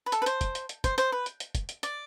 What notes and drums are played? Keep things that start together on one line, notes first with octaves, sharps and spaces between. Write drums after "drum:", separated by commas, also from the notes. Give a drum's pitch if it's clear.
B4
A4, drum: hi-hat
B4
C5, drum: hi-hat
drum: kick, hi-hat
drum: hi-hat
drum: hi-hat
C5, drum: kick, hi-hat
C5, drum: hi-hat
B4
drum: hi-hat
drum: hi-hat
drum: kick, hi-hat
drum: hi-hat
D5, drum: hi-hat